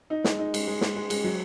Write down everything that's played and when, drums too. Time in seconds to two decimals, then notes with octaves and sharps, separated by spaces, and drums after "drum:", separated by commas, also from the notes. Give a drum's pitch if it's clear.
0.10 D#4
0.24 G#3, drum: snare
0.39 D#4
0.54 G#3, drum: cymbal
0.68 G#3
0.81 G#3, drum: snare
0.96 G#3
1.10 G#3, drum: cymbal
1.24 F#3